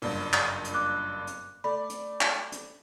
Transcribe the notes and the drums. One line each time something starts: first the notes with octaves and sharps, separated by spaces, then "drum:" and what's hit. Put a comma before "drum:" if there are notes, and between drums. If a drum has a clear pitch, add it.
F#1 G2 A#2, drum: open hi-hat
drum: clap
drum: hi-hat
D6 F#6
drum: hi-hat
A3 D5 B5
drum: hi-hat
drum: clap
drum: hi-hat